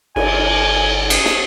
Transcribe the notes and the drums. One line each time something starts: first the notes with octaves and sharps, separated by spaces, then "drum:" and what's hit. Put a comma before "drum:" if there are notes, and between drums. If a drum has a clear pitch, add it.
G1 G#5, drum: cymbal
G#4, drum: cymbal
drum: snare